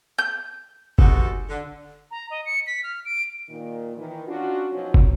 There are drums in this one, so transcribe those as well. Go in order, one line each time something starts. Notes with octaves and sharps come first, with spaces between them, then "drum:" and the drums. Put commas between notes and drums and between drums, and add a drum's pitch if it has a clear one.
G6
G#3 B3 D#4 F#4 G4 A4, drum: kick
D3
A#5
D#5
C#7
B6
F6
D7
A#2 D#3
D#3 E3
C#4 D4 F4 F#4
B2 F3 F#3 C#4 D#4 F4
drum: kick